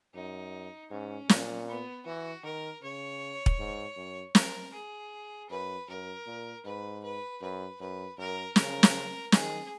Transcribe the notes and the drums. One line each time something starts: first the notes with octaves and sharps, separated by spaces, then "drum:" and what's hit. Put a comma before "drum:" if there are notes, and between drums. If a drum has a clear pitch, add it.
F#2 D#4
G#2 C#4
A#2, drum: snare
B3
E3 F#4
D#3 A#4
C#3 C#5
drum: kick
G#2
F#2
A#4, drum: snare
G#4
F#2 B4
F#2 A#4
A#2
G#2 B4
B4
F#2 B4
F#2 B4
F#2 A#4
C#3 A#4, drum: snare
drum: snare
D#3 G#4, drum: snare